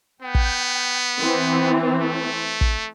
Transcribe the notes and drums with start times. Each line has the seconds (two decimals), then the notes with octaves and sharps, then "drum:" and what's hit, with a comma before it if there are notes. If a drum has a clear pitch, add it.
0.22 B3 G5
0.35 drum: kick
1.20 E3 C4
1.99 A3
2.61 drum: kick